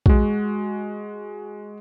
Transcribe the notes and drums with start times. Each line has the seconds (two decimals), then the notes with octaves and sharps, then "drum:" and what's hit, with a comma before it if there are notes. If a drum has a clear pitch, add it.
0.06 G#3 F#4, drum: kick A#1